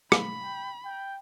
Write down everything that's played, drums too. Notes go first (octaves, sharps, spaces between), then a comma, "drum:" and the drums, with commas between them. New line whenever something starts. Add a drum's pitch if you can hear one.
B5, drum: rim click
G5
G5